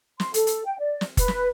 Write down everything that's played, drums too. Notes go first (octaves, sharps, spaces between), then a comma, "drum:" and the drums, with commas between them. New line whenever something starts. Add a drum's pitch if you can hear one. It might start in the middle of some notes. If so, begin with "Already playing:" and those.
C6, drum: snare
A4, drum: hi-hat
drum: hi-hat
G5
D5
drum: snare
B4, drum: kick F#1, hi-hat
drum: snare